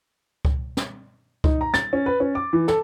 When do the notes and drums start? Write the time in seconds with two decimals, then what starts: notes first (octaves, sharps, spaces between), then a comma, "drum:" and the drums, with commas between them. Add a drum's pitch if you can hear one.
0.45 drum: kick C#2
0.77 drum: snare
1.44 D#4, drum: kick C#2
1.61 A#5
1.74 A6, drum: snare
1.93 C#4
2.06 B4
2.20 C#4
2.35 D6
2.53 E3
2.68 A4, drum: snare